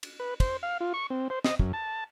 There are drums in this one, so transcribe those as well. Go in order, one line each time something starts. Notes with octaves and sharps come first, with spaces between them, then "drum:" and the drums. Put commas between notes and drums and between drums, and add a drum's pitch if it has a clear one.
drum: cymbal
B4
C5, drum: kick, cymbal
F5
F4
C#6
C4
C5
D#5, drum: snare
F#2, drum: kick
A5